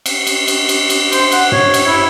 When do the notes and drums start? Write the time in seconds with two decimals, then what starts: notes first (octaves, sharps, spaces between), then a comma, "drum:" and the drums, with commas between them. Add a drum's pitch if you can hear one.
0.06 drum: cymbal
0.27 drum: cymbal
0.48 drum: cymbal
0.69 drum: cymbal
0.90 drum: cymbal
1.12 C5, drum: cymbal
1.32 F#5, drum: cymbal
1.52 C#5, drum: tom G2
1.74 drum: cymbal
1.87 E4